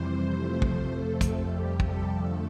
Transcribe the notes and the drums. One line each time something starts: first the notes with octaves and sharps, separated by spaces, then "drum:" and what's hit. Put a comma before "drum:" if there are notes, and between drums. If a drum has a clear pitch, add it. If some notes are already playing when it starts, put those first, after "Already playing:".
Already playing: F2 C3 E3 G3 C5
F2 C3 F3 A3
drum: kick
F2 C3 F3 A3 A4
drum: kick, hi-hat
F2 C3 G3 G4
A4, drum: kick
F2 D3 F3 A3